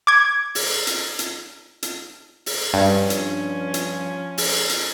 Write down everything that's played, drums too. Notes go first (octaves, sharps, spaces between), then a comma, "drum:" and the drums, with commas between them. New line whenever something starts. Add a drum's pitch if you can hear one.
D6 G#6
drum: open hi-hat
drum: hi-hat
drum: hi-hat
drum: hi-hat
drum: open hi-hat
G2 F3 C#4
drum: hi-hat
drum: hi-hat
drum: open hi-hat
drum: hi-hat